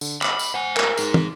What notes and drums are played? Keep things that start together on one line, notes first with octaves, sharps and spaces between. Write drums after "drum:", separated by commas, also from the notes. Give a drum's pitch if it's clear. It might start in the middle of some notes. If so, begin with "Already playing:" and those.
D3, drum: tambourine
B5 D6 F6, drum: clap
drum: tambourine
C5 F#5 G#5
A#4, drum: clap
D#4 G#4, drum: tambourine
drum: tom